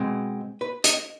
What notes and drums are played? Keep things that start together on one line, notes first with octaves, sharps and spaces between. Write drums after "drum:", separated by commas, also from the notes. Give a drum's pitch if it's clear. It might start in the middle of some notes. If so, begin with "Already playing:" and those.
Already playing: B2 G#3 C4
B4
D#5, drum: hi-hat